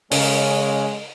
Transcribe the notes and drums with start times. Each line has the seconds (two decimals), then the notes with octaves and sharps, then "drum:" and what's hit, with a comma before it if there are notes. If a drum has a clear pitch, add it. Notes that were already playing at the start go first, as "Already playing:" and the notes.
0.11 C#3 G#3 C#4, drum: open hi-hat